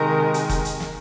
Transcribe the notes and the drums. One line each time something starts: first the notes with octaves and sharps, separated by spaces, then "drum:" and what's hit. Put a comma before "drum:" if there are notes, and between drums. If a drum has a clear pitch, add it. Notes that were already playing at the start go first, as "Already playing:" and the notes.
Already playing: C3 D#3 G#3 A#4
drum: hi-hat
drum: kick F1, hi-hat
drum: hi-hat
drum: snare